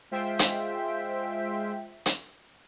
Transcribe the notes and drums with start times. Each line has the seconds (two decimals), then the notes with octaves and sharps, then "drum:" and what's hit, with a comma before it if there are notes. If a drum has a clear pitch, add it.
0.11 G#3 F4 C5 E5 G5 B6
0.39 drum: hi-hat
2.06 drum: hi-hat